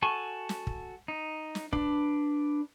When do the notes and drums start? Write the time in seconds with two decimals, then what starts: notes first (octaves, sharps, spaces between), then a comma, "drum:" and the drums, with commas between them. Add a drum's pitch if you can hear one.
0.02 F#4 A4 G#5 A5 C#6
0.49 drum: snare
0.67 drum: kick
1.08 D#4
1.55 drum: snare
1.73 D4 B4 D5, drum: kick